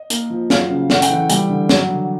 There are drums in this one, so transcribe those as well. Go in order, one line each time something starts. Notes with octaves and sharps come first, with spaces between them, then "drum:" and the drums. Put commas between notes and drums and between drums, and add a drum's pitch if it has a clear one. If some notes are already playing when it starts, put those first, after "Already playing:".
Already playing: D#5
A#3, drum: hi-hat
F3
F#3 F5, drum: snare
C#3
A3 F#5, drum: snare
G5, drum: hi-hat
E3 F#5
G3 G5, drum: hi-hat
D3
F#3, drum: snare
D3